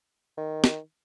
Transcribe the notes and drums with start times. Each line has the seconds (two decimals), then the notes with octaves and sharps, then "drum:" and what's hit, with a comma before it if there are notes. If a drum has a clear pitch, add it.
0.37 D#3
0.64 drum: snare